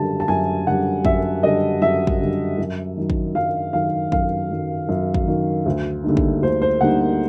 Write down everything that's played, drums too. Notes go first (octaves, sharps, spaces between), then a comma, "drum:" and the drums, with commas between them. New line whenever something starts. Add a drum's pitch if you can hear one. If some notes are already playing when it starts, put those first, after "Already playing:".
Already playing: F#2 D3 G3 A5
A5
F#2 G#5
D3 G3 F#5
F#2 E5, drum: kick
D3 G3 D#5
F#2 E5
drum: kick
D3 G3
F#2
D#3 F#3
drum: kick
F#2 F5
D#3 F#3 F5
F#2 F5, drum: kick
D#3 F#3
F#2
drum: kick
D#3 F#3
D2
D3 G3 A#3 D#4
drum: kick
D2 C5
C5
D3 G3 A#3 D#4 F#5